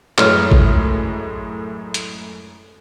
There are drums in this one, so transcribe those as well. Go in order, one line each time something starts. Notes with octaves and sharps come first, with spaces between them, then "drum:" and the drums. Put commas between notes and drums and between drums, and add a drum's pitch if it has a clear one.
F#2 A2 G#3 B4 C#5 F6, drum: clap
drum: kick
drum: hi-hat